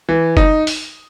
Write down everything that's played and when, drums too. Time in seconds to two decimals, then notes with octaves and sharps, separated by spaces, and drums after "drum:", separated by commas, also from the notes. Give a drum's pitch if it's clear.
0.09 E3
0.37 D#4, drum: kick F#1
0.67 drum: open hi-hat